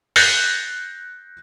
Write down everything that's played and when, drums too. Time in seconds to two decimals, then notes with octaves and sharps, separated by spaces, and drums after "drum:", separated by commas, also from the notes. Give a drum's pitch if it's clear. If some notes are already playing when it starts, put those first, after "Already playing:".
0.16 F#6 G6 A6 A#6 C7 C#7, drum: open hi-hat